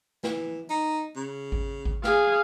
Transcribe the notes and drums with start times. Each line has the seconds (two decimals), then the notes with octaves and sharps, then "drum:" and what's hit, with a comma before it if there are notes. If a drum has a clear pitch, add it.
0.24 E3, drum: snare
0.70 D#4
1.16 C#3
1.52 drum: kick G#1
1.85 drum: kick G#1
2.04 G#4 F5, drum: snare